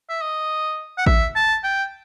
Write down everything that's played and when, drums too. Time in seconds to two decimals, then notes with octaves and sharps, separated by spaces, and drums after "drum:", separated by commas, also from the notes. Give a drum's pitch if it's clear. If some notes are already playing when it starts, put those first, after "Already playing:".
0.09 E5
0.22 D#5
0.98 F#5
1.06 E5, drum: kick A1
1.35 A5
1.64 G5